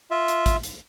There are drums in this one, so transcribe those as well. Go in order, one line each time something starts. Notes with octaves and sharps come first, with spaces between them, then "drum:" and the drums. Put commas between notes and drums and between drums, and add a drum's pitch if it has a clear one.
F4 E5
drum: hi-hat
drum: kick A1, hi-hat
drum: hi-hat